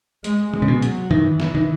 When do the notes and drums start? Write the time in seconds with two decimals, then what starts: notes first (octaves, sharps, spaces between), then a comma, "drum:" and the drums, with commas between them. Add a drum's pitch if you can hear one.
0.24 G#3, drum: hi-hat
0.54 G#3, drum: tom
0.62 C#3
0.68 B2
0.82 F#3, drum: hi-hat
1.11 D#3 E3, drum: tom F#2
1.40 drum: snare
1.55 D#3